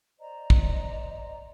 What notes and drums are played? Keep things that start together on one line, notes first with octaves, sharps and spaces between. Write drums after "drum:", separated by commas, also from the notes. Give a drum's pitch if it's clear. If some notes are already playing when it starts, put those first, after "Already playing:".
C5 D5 D#5 A#5
drum: kick